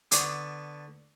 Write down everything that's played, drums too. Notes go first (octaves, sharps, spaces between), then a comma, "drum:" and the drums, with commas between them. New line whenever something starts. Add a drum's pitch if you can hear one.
D3 B3 D4 D5 C#6 D#6, drum: hi-hat